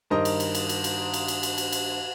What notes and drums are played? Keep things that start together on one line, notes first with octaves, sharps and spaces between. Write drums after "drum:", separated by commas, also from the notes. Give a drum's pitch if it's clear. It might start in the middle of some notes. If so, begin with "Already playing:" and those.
G2 D#3 A#4 C5 D#5 A#5
drum: cymbal
drum: cymbal
drum: cymbal
drum: cymbal
drum: cymbal
drum: cymbal
drum: cymbal
drum: cymbal
drum: cymbal
drum: cymbal